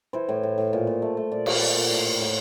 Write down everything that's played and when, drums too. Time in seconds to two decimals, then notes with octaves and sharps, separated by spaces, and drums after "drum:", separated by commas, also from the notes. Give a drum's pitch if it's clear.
0.13 E3 C5
0.29 A2
0.43 A2
0.58 A2
0.73 A#2
0.87 A#2
1.02 A3
1.17 A3
1.32 A#2 D5
1.46 A#2, drum: cymbal
1.61 A3
1.76 A#2
1.90 A2
2.06 A2
2.20 A2